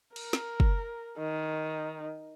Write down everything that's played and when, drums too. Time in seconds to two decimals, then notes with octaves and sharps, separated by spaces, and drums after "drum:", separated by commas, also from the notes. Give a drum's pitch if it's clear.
0.16 A#4, drum: cymbal
0.33 drum: snare
0.60 drum: kick
1.18 D#3